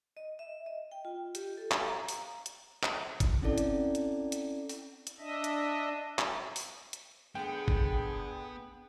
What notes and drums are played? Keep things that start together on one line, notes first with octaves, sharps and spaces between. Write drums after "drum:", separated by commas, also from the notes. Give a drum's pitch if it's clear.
D#5
E5
D#5
G5
F4
G4, drum: hi-hat
A4
F5, drum: clap
A#5
drum: open hi-hat
drum: hi-hat
drum: clap
drum: kick G1, hi-hat
C4 C#4 E4 A4 D5
drum: hi-hat
drum: hi-hat
drum: hi-hat
drum: open hi-hat
drum: hi-hat
D4 D#5 E5
drum: hi-hat
drum: clap
drum: open hi-hat
drum: hi-hat
D3 B3 G#4 G5
drum: kick G1